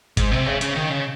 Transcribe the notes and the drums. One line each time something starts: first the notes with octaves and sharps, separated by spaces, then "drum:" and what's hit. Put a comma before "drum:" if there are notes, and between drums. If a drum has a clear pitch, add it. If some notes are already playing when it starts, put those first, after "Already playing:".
G#2, drum: kick G1, hi-hat
C3
C#3
C#3, drum: hi-hat
D#3
C#3